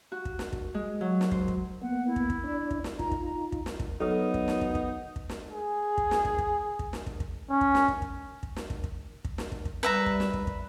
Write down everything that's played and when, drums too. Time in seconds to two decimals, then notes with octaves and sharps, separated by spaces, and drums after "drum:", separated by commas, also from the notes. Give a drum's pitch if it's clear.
0.12 F#4
0.25 drum: kick
0.39 drum: snare
0.53 drum: kick
0.74 G#3
1.01 F#3
1.21 drum: snare
1.32 C5, drum: kick
1.48 drum: kick
1.82 A#3 B3 F#5
2.07 E4
2.16 drum: kick
2.30 drum: kick
2.44 D4 D5
2.71 drum: kick
2.84 drum: snare
2.99 D#4 F4 A#5, drum: kick
3.11 drum: kick
3.52 drum: kick
3.66 drum: snare
3.80 drum: kick
4.01 F#3 B3 D#4 A4 B4 D#6
4.34 drum: kick
4.48 drum: snare
4.61 drum: kick
4.75 drum: kick
5.16 drum: kick
5.29 drum: snare
5.51 G#4
5.98 drum: kick
6.11 drum: snare
6.25 drum: kick
6.38 drum: kick
6.79 drum: kick
6.93 drum: snare
7.07 drum: kick
7.20 drum: kick
7.50 C#4
7.61 drum: kick
7.75 drum: snare
7.88 drum: kick
8.02 drum: kick
8.43 drum: kick
8.56 drum: snare
8.70 drum: kick
8.84 drum: kick
9.25 drum: kick
9.38 drum: snare
9.52 drum: kick
9.65 drum: kick
9.83 G3 B4 E5 A#5
10.06 drum: kick
10.20 drum: snare
10.34 drum: kick
10.47 drum: kick